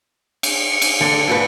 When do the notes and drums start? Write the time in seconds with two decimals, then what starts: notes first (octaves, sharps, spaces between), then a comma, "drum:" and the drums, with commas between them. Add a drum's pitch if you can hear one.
0.43 drum: cymbal
0.72 C#7
0.82 drum: cymbal
1.01 D3
1.27 F2 G#2 B4